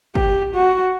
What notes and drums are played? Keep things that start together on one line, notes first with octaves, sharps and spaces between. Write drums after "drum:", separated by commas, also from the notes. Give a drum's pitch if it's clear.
G4, drum: kick
F#4